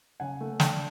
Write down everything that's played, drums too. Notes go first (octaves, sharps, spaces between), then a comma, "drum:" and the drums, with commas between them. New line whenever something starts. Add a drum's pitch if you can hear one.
C#3 F#5 G#5
A3
D4 G5 A5, drum: snare